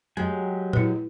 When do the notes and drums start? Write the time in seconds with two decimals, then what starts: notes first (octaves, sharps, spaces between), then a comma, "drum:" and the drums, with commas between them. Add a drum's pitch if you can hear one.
0.17 F#3 G#3 G4 G#5
0.73 E4 B4, drum: tom A#2